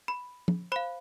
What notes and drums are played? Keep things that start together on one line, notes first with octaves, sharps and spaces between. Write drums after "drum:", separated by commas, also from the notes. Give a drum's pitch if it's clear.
B5
drum: tom F3
C5 F5 B5